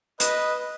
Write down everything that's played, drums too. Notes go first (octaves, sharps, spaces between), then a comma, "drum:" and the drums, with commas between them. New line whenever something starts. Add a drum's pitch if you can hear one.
B4 D#5, drum: hi-hat